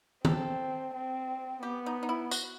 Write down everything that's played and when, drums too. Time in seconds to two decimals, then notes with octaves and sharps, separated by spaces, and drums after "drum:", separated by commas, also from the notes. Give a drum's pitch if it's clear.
0.25 C4 A4, drum: tom
0.94 C4
1.63 B3 G4
1.86 D#4
2.03 D#4
2.09 E4
2.31 F#4, drum: tambourine